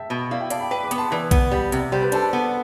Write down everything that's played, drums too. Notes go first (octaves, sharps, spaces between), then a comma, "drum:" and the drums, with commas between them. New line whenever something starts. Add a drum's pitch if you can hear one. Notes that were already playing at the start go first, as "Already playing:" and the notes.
Already playing: E5 G5 A5
B2
E4 D5 F5
E5 G5
D5 F5 A5, drum: hi-hat
G5 B5
B4 G5 B5
B5 D6
B3, drum: hi-hat
A5 C6
E3 B4 D5
B3, drum: kick B1, hi-hat
G3
C3, drum: hi-hat
G3 C5
B4
D4 A4 C5, drum: hi-hat
B3